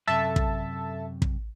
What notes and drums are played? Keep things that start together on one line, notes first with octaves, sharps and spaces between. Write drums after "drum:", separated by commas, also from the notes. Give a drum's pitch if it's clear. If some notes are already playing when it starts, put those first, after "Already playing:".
F#2 C3 A4 E5 A5
drum: kick
drum: kick